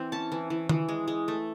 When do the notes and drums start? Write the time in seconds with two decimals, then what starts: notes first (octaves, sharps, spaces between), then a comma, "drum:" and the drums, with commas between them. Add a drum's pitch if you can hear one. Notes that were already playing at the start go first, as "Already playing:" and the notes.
Already playing: E3 C4 E4
0.12 C#4 A5
0.32 E3
0.50 E3
0.69 E3, drum: tom D#3
0.88 G#3
1.08 G#3
1.28 A3